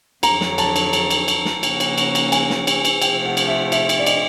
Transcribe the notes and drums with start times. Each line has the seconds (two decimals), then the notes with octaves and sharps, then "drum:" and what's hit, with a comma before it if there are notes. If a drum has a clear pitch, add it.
0.23 F2 D3 F#3 A#5, drum: cymbal
0.41 drum: snare
0.58 A5, drum: cymbal
0.76 drum: cymbal
0.93 drum: cymbal
1.10 drum: cymbal
1.28 drum: cymbal
1.45 drum: snare
1.63 C#3 F3 A#3 C#4 F#4, drum: cymbal
1.80 drum: cymbal
1.98 drum: cymbal
2.15 drum: cymbal
2.32 G#5, drum: cymbal
2.50 drum: snare
2.67 drum: cymbal
2.85 drum: cymbal
3.02 C3 F3 A3 G5, drum: cymbal
3.25 F#5
3.37 drum: cymbal
3.48 E5
3.72 E5, drum: cymbal
3.89 drum: cymbal
3.99 D5
4.06 D#5, drum: cymbal